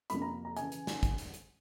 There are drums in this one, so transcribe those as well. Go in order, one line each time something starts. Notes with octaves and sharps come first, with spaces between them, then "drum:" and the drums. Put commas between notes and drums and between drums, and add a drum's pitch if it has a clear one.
F2 C3 F3 A#3 B5, drum: hi-hat
A#5
A#5
C#3 E3 G#5, drum: hi-hat
drum: hi-hat
drum: snare
drum: kick, hi-hat
drum: hi-hat
drum: hi-hat